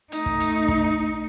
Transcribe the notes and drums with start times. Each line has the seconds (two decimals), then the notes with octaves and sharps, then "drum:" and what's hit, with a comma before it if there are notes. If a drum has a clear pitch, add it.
0.12 A3 D#4, drum: hi-hat
0.26 drum: kick
0.40 drum: hi-hat
0.68 drum: kick